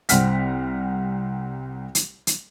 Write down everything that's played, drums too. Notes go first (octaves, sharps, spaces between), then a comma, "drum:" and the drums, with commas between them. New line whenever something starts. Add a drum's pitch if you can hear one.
C2 C4 F#5 F6 B6, drum: hi-hat
drum: hi-hat
drum: hi-hat